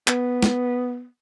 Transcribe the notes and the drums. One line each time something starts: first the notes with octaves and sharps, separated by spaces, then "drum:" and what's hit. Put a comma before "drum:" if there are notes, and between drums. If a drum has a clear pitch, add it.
B3, drum: clap
drum: snare